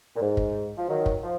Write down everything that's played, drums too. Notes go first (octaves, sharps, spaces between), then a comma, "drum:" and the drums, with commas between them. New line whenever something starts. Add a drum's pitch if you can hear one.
A#2
G#2
drum: kick
F3
D#3 F#3
drum: kick
F3